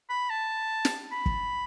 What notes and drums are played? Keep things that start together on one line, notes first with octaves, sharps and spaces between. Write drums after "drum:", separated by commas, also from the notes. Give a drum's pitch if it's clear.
B5
A5
drum: snare
B5
drum: kick